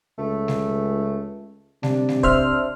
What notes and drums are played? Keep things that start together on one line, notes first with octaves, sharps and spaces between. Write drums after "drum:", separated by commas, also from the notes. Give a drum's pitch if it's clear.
C#2 A3
drum: snare G3
C3 D4, drum: snare G3
drum: snare G3
C5 E5 F6, drum: kick